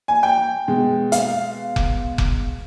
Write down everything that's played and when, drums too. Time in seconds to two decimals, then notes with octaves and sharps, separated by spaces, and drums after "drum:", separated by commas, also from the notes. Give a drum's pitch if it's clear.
0.08 G#5
0.23 G5
0.68 B2 G#3
1.12 F5, drum: hi-hat
1.76 drum: kick F1
2.18 drum: kick F1